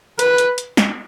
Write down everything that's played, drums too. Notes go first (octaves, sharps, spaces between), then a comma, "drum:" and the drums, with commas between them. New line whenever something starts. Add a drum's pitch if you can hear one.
B4, drum: hi-hat
drum: hi-hat
drum: hi-hat
drum: snare